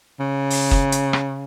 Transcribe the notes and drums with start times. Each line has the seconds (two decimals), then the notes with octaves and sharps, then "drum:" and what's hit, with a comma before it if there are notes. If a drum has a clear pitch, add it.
0.20 C#3
0.50 drum: open hi-hat
0.71 drum: kick F#1
0.92 drum: hi-hat
1.13 drum: rim click